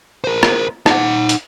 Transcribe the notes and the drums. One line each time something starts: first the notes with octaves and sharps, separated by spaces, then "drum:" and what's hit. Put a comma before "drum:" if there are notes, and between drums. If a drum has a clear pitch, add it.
A#4 C5
drum: rim click
D#4 F#5, drum: rim click
drum: hi-hat